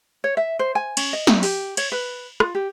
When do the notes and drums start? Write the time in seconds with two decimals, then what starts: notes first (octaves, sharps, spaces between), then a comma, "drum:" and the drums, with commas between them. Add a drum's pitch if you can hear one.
0.24 C#5
0.37 E5
0.59 C5
0.75 G#5
0.97 C#4, drum: cymbal
1.13 D#5
1.27 drum: snare
1.43 G4, drum: open hi-hat
1.77 C#5, drum: cymbal
1.92 B4
2.40 F4, drum: rim click
2.55 G4